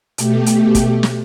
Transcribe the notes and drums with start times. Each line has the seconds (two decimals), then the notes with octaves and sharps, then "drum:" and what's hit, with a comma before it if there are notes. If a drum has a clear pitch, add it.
0.18 B2 A3 G4, drum: hi-hat
0.46 drum: hi-hat
0.75 drum: kick, hi-hat
1.03 drum: snare